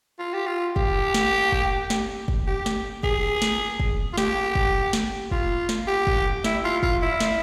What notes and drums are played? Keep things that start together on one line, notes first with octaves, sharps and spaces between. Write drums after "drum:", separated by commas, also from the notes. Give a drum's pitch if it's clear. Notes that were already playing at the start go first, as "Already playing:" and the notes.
F4
G4
F4
G4, drum: kick
drum: snare
drum: kick
drum: snare
drum: kick
G4
drum: snare
G#4, drum: kick
drum: snare
drum: kick
F4
G4, drum: snare
drum: kick
drum: snare
F4, drum: kick
drum: snare
G4
drum: kick
E4, drum: snare
F4
F4, drum: kick
E4
drum: snare